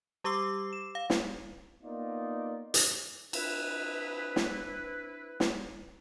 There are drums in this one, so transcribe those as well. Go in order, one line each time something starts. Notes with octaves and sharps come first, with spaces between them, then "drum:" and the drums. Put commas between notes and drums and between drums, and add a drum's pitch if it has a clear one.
G3 G4 C#6 D6 E6 C7
E7
F5
drum: snare
A#3 B3 D#4 F4 D5
drum: hi-hat
C4 D4 E4 B4, drum: cymbal
drum: snare
drum: snare